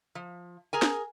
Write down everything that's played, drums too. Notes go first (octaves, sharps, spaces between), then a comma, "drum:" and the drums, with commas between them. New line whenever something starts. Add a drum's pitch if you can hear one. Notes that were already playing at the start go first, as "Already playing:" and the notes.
F3
G#4 A#4 G#5
drum: snare